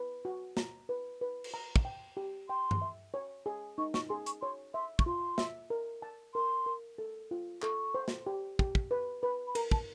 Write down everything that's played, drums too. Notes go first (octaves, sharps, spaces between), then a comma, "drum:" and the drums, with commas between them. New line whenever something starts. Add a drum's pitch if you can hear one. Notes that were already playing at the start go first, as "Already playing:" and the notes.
Already playing: B4
F#4
A#5, drum: snare
B4
B4
drum: cymbal
A#5
drum: kick
G5
G4
G5 C6
drum: tom G2
E5
C#5
G#4
D#4 C#6
C#6, drum: snare
G#4 C6
C#6, drum: hi-hat
C#5 C6
E5 C6
C#6, drum: kick
F4 C6
E5, drum: snare
A#4
A5
A#4 C6
A#4
A4
F4
A4 C#6, drum: clap
C5
drum: snare
G4
G4, drum: kick
drum: kick
B4
B4 B5
B5
A#4 A#5, drum: cymbal
A5, drum: kick